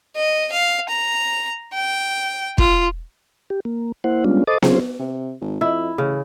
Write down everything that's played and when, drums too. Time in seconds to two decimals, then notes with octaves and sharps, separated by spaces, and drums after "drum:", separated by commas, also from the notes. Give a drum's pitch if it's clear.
0.16 D#5
0.52 F5
0.89 A#5
1.74 G5
2.58 F4, drum: kick
3.50 G4
3.65 A#3
4.04 A#3 E4 C5 F#5
4.25 G3 G#3 B3 C#4 D4 F4
4.47 A4 C5 D#5 D6 D#6 A6
4.62 F#3 C4 C#4 F4 G#4 C5, drum: snare B3
4.99 C3
5.41 G#1
5.61 F2 E4
5.98 A1 C#3